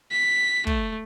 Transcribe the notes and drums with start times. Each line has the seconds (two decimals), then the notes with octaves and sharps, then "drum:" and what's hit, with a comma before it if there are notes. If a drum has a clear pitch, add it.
0.11 B6
0.67 A3, drum: kick